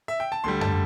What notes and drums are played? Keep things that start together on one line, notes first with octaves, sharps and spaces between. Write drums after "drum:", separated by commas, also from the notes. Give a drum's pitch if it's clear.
E5
G5
A5
D2 D3 G3 C6
A5, drum: tom F#2